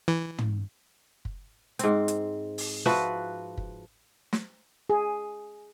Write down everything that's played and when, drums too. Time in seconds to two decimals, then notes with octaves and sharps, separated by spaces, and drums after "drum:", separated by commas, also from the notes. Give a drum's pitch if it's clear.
0.08 E3
0.38 drum: tom
1.25 drum: kick
1.79 G#2 C4, drum: hi-hat
2.08 drum: hi-hat
2.58 drum: open hi-hat
2.86 F3 F#4 B4 E5
3.57 drum: kick
4.33 drum: snare
4.90 G#4